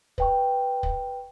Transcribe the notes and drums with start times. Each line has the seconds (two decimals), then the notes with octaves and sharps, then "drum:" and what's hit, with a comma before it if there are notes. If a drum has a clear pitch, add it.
0.18 B4 G5 C#6, drum: kick
0.83 drum: kick